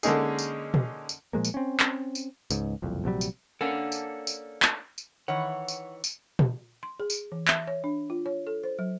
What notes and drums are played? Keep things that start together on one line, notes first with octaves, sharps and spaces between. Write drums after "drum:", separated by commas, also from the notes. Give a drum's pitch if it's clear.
D3 G#3 A#3 C#4 D#4 G#4, drum: tambourine
drum: tambourine
drum: tom A#2
drum: tambourine
A#2 F3 G#3 A#3
drum: tambourine
C4 C#4
drum: clap
drum: tambourine
C#2 G#2, drum: tambourine
F#1 C2 F2
A#1 C3 F#3 G3
drum: tambourine
A#3 C#4 D4 A4 F#5
drum: tambourine
drum: tambourine
drum: clap
drum: tambourine
D#3 E3 C#5 F#5
drum: tambourine
drum: tambourine
drum: tom A#2
C6
G#4
drum: tambourine
E3
E5, drum: clap
C#5
D4
F4
C#5
A4
C5
F#3